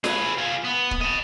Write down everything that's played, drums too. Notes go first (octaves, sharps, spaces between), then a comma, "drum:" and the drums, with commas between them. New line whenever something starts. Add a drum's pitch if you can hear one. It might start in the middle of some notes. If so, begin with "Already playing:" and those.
G#4 B4, drum: snare F4
F4 G#4
B3
drum: kick D#1
D#5 A5